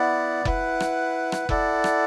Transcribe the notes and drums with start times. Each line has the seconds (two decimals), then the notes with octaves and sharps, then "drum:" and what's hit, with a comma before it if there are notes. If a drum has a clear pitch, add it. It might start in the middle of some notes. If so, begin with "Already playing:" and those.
Already playing: B3 E4 D5 F#5
0.45 E4 B4 F#5, drum: kick F1
0.80 drum: rim click
1.32 drum: rim click
1.49 E4 A4 D5 F#5, drum: kick F1
1.84 drum: rim click